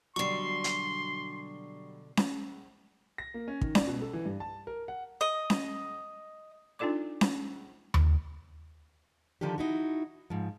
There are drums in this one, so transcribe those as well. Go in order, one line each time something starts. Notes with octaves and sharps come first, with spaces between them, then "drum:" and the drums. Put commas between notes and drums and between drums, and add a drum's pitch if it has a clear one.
B2 D3 F#3 G3 C6 C#6 C7
drum: hi-hat
drum: snare C#4
A#6
A#3
C#4
D#3, drum: kick
D5, drum: snare C#4
B2
A4
E3
G2
A5
A#4
F#5
D#5
drum: snare C#4
D4 D#4 F4 A4 D5 D6
drum: snare C#4
drum: tom D#2
D3 D#3 F3 D4 G4
D#4 E4 F#4
G#2 F3